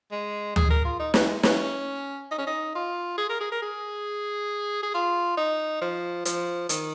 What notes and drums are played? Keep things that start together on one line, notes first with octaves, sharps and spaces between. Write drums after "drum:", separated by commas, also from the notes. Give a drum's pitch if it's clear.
G#3
G#4, drum: tom D2
A#4
F4
D#4
C#4, drum: snare
G#3
C#4, drum: snare
D#4
C#4
D#4
F4
G#4
A#4
G#4
A#4
G#4
G#4
F4
D#4
F3
F3, drum: hi-hat
D#3, drum: hi-hat